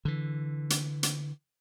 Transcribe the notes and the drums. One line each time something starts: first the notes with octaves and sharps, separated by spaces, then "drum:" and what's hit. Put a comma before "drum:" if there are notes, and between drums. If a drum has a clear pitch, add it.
D3 E3
drum: hi-hat
drum: hi-hat